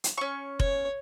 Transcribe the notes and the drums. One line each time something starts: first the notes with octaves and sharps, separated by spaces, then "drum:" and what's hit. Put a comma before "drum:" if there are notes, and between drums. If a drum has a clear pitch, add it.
drum: hi-hat
C#4 C#6
C#5, drum: kick F1